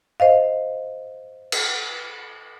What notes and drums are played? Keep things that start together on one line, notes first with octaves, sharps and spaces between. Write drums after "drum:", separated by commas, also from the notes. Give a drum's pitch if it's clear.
C5 D#5 F5
drum: cymbal